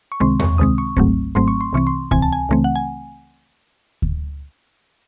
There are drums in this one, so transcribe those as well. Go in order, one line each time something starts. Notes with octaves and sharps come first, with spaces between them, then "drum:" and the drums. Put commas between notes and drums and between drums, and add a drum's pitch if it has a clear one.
C#6
C#2 C3 D#3 G#3 C4 C6
C#6, drum: tom E2
C#2 C3 D#3 G#3 C4 D#6
C#6
G#1 G#2 F#3 A3 C4, drum: kick D2
G#1 G#2 F#3 A3 C4 C6
C#6
C6
C2 C3 E3 C4 C#6
C6
C2 C3 E3 C4 G#5, drum: kick D2
A5
G#5
C#2 C#3 E3 A3 C4
F#5
G#5
drum: kick D2